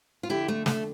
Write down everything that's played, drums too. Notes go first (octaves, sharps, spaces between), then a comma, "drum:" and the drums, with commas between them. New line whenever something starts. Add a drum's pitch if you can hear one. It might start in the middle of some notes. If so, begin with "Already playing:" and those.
F4
F2 D3 E4 G4
A3
A3, drum: snare